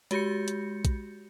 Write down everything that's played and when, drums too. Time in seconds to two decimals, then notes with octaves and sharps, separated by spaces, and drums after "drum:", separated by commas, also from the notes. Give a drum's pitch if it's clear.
0.11 G#3 F#4 G4 G6 C#7, drum: hi-hat
0.48 drum: hi-hat
0.85 drum: kick, hi-hat